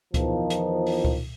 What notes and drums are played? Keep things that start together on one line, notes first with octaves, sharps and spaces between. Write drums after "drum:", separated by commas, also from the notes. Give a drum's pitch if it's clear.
E2 D#3 F3, drum: kick C#2, hi-hat
drum: hi-hat
drum: open hi-hat
drum: kick C#2